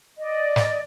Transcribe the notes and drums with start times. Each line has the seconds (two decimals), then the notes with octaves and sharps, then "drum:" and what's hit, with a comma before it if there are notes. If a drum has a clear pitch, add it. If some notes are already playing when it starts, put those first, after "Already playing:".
0.18 D5 D#5
0.56 drum: snare